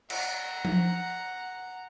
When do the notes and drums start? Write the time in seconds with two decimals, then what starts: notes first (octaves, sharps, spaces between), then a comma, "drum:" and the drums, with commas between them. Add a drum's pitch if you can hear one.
0.10 F#5 A#5, drum: cymbal
0.65 drum: tom F3